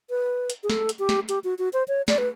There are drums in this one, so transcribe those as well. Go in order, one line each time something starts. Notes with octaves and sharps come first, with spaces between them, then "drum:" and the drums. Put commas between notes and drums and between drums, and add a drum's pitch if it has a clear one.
B4
drum: hi-hat
G#4
A4, drum: snare
drum: hi-hat
G4
drum: snare
G4, drum: hi-hat
F#4
F#4
C5
C#5
D5, drum: snare
B4